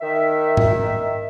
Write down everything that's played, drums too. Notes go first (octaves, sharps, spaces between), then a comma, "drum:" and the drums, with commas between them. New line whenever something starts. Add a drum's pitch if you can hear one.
D#3 E5
drum: tom G#2